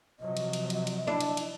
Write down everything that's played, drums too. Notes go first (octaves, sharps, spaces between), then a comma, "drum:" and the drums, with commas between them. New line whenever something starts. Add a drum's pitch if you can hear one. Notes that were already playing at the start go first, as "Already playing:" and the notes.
C3 F3 F#3 D#5
drum: cymbal
drum: cymbal
drum: cymbal
drum: cymbal
D4 E4
drum: cymbal
drum: cymbal